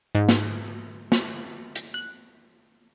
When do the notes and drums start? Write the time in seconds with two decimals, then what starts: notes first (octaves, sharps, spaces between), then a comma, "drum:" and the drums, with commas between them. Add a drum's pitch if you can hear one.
0.15 G#2
0.29 drum: snare
1.12 drum: snare
1.75 drum: hi-hat
1.94 F#6